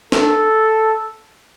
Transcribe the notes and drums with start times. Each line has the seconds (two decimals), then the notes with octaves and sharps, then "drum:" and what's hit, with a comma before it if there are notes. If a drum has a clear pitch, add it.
0.12 A4, drum: snare